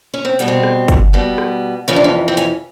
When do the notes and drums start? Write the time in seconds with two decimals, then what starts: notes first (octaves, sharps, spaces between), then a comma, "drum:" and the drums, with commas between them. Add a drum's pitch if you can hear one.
0.14 C#4
0.25 C4
0.39 B2 G3 B3, drum: hi-hat
0.48 C4
0.63 drum: rim click
0.88 drum: kick, hi-hat
1.13 B2 G3 B3
1.38 drum: rim click
1.88 F2 C3 E3 C#4, drum: hi-hat
1.96 D4
2.04 C#4
2.28 C4
2.37 C#4, drum: hi-hat